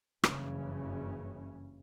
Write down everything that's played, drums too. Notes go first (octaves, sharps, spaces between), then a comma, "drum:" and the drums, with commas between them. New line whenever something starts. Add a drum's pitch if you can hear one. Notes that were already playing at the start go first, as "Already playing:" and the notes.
F#1 G2 C#3 E3 C#4, drum: rim click